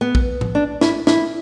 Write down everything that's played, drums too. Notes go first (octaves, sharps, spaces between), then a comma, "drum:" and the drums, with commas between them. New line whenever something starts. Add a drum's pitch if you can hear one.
B3
drum: kick
drum: tom A2
D4
E4, drum: snare
E4, drum: snare